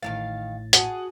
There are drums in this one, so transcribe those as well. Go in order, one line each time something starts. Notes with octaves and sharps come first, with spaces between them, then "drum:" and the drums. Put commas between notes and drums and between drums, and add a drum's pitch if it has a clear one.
A1 A2 D#3 F#3 F5 A6
F#4 G#4 F#5 A5, drum: hi-hat